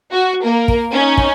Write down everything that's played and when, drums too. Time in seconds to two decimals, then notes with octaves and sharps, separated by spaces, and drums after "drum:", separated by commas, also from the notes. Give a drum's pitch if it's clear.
0.12 F#4
0.44 A#3 A#4
0.68 drum: kick
0.92 C#4 D#4
1.17 drum: kick